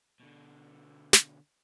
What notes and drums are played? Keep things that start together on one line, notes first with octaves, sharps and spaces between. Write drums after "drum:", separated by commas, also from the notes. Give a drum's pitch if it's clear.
B2 D3
drum: snare